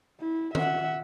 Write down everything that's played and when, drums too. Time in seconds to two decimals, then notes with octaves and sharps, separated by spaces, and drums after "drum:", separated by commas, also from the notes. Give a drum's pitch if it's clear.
0.20 E4
0.55 E5 F#5, drum: tom D#3